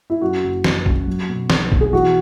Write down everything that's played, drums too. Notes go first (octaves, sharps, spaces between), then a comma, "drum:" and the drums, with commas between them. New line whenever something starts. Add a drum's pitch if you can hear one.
E4
F#2 F#4
F#1
F#1, drum: snare
F#2, drum: kick
F#3
B2
B1, drum: snare
B2, drum: kick
G#4
E3 F#4